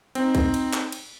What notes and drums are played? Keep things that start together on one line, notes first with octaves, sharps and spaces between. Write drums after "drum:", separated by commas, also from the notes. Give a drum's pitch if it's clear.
C4 D#4, drum: cymbal
drum: kick, cymbal
drum: cymbal
drum: clap
drum: cymbal